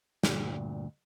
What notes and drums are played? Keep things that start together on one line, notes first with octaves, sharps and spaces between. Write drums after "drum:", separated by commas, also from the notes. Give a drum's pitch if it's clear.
D2 G2 A#2, drum: snare